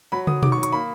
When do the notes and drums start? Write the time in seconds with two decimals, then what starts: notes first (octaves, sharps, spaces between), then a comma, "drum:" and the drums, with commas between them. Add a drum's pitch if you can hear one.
0.12 F#3 B5
0.27 F#3 D#6, drum: tom
0.43 D#3 D6, drum: tom B2
0.52 C#6
0.58 F#3
0.63 C#6, drum: hi-hat
0.72 A#3 B5